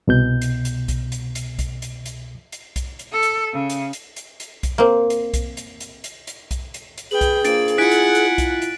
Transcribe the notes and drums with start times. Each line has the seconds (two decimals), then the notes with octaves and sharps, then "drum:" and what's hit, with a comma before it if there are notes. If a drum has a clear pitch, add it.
0.08 C2 B2 G6
0.42 drum: hi-hat
0.65 drum: hi-hat
0.88 drum: kick B1, hi-hat
1.12 drum: hi-hat
1.35 drum: hi-hat
1.59 drum: kick B1, hi-hat
1.82 drum: hi-hat
2.06 drum: hi-hat
2.52 drum: hi-hat
2.76 drum: kick B1, hi-hat
2.99 drum: hi-hat
3.12 A4
3.23 drum: hi-hat
3.53 C#3
3.70 drum: hi-hat
3.93 drum: hi-hat
4.16 drum: hi-hat
4.40 drum: hi-hat
4.63 drum: kick B1, hi-hat
4.78 A#3 C4
5.10 drum: hi-hat
5.34 drum: kick B1, hi-hat
5.57 drum: hi-hat
5.80 drum: hi-hat
6.04 drum: hi-hat
6.27 drum: hi-hat
6.51 drum: kick B1, hi-hat
6.74 drum: hi-hat
6.98 drum: hi-hat
7.11 G#4 B4 G5 F#7
7.21 drum: kick B1, hi-hat
7.44 A#3 D4 F4 C5 A6 D7, drum: hi-hat
7.68 drum: hi-hat
7.78 E4 F4 F#5 G#5 F#6 B6 D7
7.91 drum: hi-hat
8.15 drum: hi-hat
8.38 drum: kick B1, hi-hat
8.62 drum: hi-hat